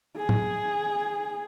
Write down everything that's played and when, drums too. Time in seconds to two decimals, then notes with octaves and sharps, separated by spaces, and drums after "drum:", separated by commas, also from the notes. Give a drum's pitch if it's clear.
0.18 G#4
0.29 drum: tom